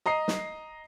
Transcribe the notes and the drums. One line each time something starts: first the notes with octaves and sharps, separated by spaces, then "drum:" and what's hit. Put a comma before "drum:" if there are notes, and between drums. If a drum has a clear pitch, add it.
D#5 A#5 D#6 C7
drum: snare